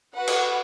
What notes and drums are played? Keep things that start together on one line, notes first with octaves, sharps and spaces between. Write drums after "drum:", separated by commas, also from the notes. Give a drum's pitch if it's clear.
F#4 B4 F#5
drum: cymbal